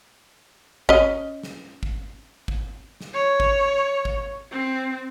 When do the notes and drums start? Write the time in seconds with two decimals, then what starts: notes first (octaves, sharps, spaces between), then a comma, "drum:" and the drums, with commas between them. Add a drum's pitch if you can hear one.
0.89 C#4 D#5, drum: kick
1.43 drum: snare
1.83 drum: kick
2.48 drum: kick
3.01 drum: snare
3.14 C#5
3.40 drum: kick
4.05 drum: kick
4.51 C4